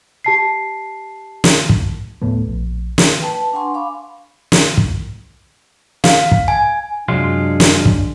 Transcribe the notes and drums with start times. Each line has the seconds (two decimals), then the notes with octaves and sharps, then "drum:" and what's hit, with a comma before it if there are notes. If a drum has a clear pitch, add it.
0.24 G4 A5 C7
1.44 drum: snare
1.69 drum: kick
2.22 D1 A2 A3 B3
2.48 A#1
2.98 drum: snare
3.20 B4 G5 A5
3.53 D4 F#5 G#5 C6 C#6
3.74 F5 B5 D6
4.52 drum: snare
4.77 drum: kick
6.04 F5, drum: snare
6.31 drum: kick
6.48 G#5
7.08 F#2 C3 F#3 G#3 D4 F4
7.60 drum: snare
7.85 drum: kick